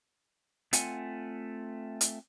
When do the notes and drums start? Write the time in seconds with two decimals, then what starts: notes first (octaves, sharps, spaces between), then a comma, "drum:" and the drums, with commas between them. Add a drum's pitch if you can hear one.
0.73 A3 C4 F4 F#5 G#5, drum: hi-hat
2.01 drum: hi-hat